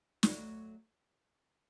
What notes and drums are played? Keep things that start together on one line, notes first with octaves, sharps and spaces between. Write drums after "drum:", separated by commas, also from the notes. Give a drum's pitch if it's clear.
G3, drum: snare
F#3 A3